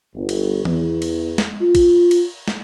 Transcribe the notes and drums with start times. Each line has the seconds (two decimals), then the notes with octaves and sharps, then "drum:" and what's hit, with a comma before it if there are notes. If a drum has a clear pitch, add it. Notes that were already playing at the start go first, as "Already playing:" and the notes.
0.16 G1
0.29 drum: cymbal
0.65 E2, drum: tom E3
1.02 drum: cymbal
1.38 drum: snare
1.62 F4
1.75 drum: kick, cymbal
2.11 drum: cymbal
2.48 drum: snare